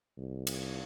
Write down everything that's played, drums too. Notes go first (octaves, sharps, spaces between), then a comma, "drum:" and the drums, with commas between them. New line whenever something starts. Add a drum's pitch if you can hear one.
C2
drum: cymbal